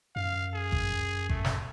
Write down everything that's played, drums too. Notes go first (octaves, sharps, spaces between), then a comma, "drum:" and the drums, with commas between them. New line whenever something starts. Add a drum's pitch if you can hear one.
F#2 F5
G#4
drum: kick G1
A3, drum: kick G1
drum: snare